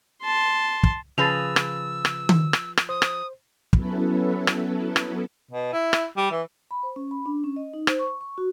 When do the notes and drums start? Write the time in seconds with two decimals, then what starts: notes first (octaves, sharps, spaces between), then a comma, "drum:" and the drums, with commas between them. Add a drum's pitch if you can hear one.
0.23 A5 C6
0.83 drum: kick
1.18 C#3 F3 G#4 B4 E6 A6 A#6 F7
1.56 drum: rim click
2.05 drum: rim click
2.29 drum: tom D#3
2.53 drum: rim click
2.77 drum: rim click
2.89 C5 D#6
3.02 drum: rim click
3.73 F#3 B3 C#4 E4 A4 B4, drum: kick
4.47 drum: rim click
4.96 drum: rim click
5.52 B2
5.73 E4
5.93 drum: rim click
6.17 G3
6.31 E3
6.71 B5
6.83 C5
6.96 C#4
7.11 B5
7.26 D4
7.44 C#4
7.56 D#5
7.74 D#4
7.87 C5, drum: rim click
7.99 C#6
8.21 C#6
8.38 F#4